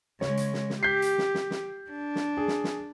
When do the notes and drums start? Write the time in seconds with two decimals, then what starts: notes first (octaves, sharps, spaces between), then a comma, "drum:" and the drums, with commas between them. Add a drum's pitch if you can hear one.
0.21 C#3 G#3 C#5, drum: snare
0.37 drum: hi-hat
0.54 drum: snare
0.70 drum: snare
0.83 G4 G6 B6 C7
1.02 drum: hi-hat
1.18 drum: snare
1.34 drum: snare
1.51 drum: snare
1.91 D4
2.15 drum: snare
2.37 G#4
2.48 drum: snare
2.64 drum: snare